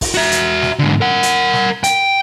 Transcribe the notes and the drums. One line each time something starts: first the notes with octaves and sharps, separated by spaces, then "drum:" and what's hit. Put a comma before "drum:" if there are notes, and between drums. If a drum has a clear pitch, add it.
drum: kick, open hi-hat
F#4 E5
drum: hi-hat
drum: snare
G#2 D3
A#4 F#5
drum: hi-hat
drum: snare
G5, drum: hi-hat